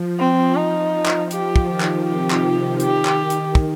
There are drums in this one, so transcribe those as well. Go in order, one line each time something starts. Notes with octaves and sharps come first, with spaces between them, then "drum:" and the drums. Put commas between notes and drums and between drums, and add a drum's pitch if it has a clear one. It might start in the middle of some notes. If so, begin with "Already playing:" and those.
Already playing: F3
C4
D#4
drum: clap
F3 G4, drum: hi-hat
drum: kick
D#3 G4
drum: clap
C3 G4
drum: clap
D#3
D#3 G4, drum: hi-hat
drum: clap
drum: hi-hat
drum: kick